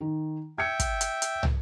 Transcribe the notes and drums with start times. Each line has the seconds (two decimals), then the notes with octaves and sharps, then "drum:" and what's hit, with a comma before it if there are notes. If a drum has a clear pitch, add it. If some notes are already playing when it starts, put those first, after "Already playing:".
0.01 D#3
0.58 E5 G5 G#6 C#7
0.80 drum: kick, hi-hat
1.01 drum: hi-hat
1.22 drum: hi-hat
1.43 drum: tom